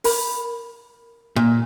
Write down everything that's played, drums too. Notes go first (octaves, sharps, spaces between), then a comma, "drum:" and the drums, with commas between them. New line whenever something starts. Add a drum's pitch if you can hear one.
A#4 B5, drum: open hi-hat
A#2